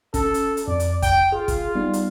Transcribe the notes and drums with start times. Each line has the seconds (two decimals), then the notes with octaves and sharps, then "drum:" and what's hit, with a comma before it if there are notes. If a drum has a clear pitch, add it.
0.14 C#4 A4, drum: kick, hi-hat
0.34 drum: hi-hat
0.57 drum: hi-hat
0.68 F2 D5
0.80 drum: hi-hat
1.02 G5, drum: kick, hi-hat
1.32 F4 G#4
1.48 drum: kick, hi-hat
1.75 G3 B3 D#4
1.93 drum: hi-hat